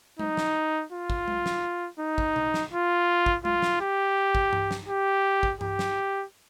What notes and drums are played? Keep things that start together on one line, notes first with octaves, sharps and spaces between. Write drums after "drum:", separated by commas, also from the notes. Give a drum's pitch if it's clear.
D#4, drum: tom G#3
drum: snare
F4
drum: kick
drum: tom G#3
drum: snare
D#4
drum: kick
drum: tom B2
drum: snare
F4
drum: kick
F4, drum: tom G#3
drum: snare
G4
drum: kick
drum: tom G2
drum: snare
G4
drum: kick
G4, drum: tom G2
drum: snare